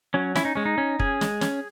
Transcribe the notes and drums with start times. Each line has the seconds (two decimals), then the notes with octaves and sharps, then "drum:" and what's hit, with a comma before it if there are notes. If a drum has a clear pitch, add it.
0.14 F#3 C#4
0.35 C#4 E4, drum: snare
0.45 D#4
0.55 G#3 C#4
0.66 D#4
0.78 C#4
0.99 C#4 G#4, drum: kick
1.21 G#3, drum: snare
1.41 C#4, drum: snare